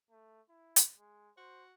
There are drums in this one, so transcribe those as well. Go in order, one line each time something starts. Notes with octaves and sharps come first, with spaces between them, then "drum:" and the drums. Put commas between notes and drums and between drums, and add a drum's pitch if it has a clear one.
A3
E4
drum: hi-hat
G#3
F#4 C5